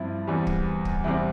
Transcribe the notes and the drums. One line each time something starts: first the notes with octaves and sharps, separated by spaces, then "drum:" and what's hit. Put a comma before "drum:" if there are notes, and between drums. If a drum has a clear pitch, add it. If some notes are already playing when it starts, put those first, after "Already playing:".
Already playing: G2 F3 C4 E4
E2 E3 G3 C4
drum: kick
drum: kick
E2 C3 G3 C4 E4